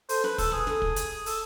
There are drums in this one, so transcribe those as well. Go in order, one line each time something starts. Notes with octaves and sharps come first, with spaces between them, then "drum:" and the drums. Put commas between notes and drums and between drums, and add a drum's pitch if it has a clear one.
A4 C5, drum: open hi-hat
B4, drum: snare
A4, drum: kick, open hi-hat
G#4, drum: kick
A4, drum: snare
drum: kick
drum: hi-hat
A4, drum: open hi-hat